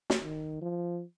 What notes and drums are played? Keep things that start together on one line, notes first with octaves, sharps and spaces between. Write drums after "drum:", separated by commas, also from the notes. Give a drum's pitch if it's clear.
drum: snare
D#3
F3